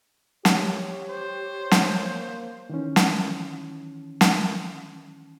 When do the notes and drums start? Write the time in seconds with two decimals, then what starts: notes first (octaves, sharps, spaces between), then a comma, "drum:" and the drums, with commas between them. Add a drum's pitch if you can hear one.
0.45 G4 C#5, drum: snare
1.09 C5
1.71 drum: snare
2.02 A#3
2.70 D#3 E3 C#4
2.96 drum: snare
4.21 drum: snare